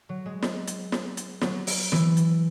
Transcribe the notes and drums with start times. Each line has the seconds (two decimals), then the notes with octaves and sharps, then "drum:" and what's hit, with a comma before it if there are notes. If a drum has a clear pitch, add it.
0.09 F#3
0.26 G#3
0.42 drum: snare
0.67 drum: hi-hat
0.92 drum: snare
1.17 drum: hi-hat
1.41 F#3, drum: snare
1.67 drum: open hi-hat
1.92 E3, drum: snare
2.17 drum: hi-hat